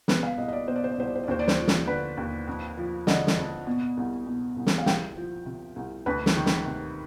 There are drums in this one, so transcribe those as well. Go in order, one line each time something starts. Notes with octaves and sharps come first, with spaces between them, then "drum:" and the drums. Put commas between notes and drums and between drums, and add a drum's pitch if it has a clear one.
B2 B4, drum: snare
F5
C2 D#5
D#5
D5
B2 C5
D5
C5
D5
C2 C5
D5
C5
D5
D#2 C5
D5
C5, drum: snare
F3
drum: snare
D3 B4
D#2
F2
F3
D3 D#5, drum: snare
drum: snare
F2
B2
C2
B2
C2
drum: snare
F5
C2 G5, drum: snare
F3
C3
C2
D2 B4
drum: snare
D#3
drum: snare
C3